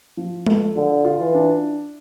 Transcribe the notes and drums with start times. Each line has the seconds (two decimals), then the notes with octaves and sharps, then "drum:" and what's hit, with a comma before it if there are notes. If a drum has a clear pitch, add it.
0.17 F3
0.47 A4, drum: tom G#3
0.76 D3 F4
1.05 F4
1.19 E3
1.34 D4